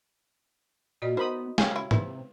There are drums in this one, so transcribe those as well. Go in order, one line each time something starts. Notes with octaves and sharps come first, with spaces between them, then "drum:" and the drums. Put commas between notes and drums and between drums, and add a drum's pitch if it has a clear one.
A#2 F#4 D5 D#5
B3 D#4 A#4 C5 B5 D#6
C#3 G#3 A3 G4 G#4 C#5 F5 G5, drum: snare
F#3 E4
C3 D#4 E4 B4, drum: tom